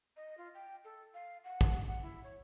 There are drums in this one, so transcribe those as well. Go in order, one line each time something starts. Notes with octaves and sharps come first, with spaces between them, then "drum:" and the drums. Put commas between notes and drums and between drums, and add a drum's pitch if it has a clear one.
D#5
F4
G5
A4
F5
F#5
drum: kick
F#5
E4
C#5